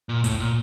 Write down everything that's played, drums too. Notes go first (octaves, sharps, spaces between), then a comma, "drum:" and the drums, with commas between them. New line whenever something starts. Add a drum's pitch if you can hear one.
A#2
A2, drum: kick, hi-hat
A#2